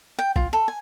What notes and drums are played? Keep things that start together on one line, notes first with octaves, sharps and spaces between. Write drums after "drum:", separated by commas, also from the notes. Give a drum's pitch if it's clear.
G5
F4, drum: kick
A4
G#5